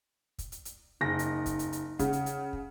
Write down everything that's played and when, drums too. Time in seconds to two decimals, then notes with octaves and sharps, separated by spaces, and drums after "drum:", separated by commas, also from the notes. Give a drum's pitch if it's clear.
0.39 drum: kick, hi-hat
0.52 drum: hi-hat
0.65 drum: hi-hat
1.01 F#1 D#4 A#6
1.19 drum: hi-hat
1.46 drum: kick, hi-hat
1.59 drum: hi-hat
1.73 drum: hi-hat
1.99 C#3 F#5, drum: kick, hi-hat
2.13 drum: hi-hat
2.26 drum: hi-hat
2.53 drum: kick